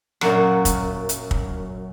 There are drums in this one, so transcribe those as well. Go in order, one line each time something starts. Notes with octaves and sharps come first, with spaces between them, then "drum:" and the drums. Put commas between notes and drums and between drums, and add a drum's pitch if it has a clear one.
F#2 A#2 F#3 F#5, drum: rim click
drum: kick, hi-hat
drum: hi-hat
drum: kick